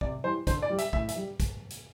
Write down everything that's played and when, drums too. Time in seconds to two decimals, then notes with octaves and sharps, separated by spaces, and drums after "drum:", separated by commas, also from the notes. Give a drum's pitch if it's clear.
0.01 C3 D5, drum: kick
0.24 E3 G3 C5
0.47 D3 C5, drum: kick, hi-hat
0.62 D5
0.70 G3
0.78 E5, drum: hi-hat
0.93 A2 E5, drum: kick
1.08 E5, drum: hi-hat
1.16 G3
1.40 drum: kick, hi-hat
1.70 drum: hi-hat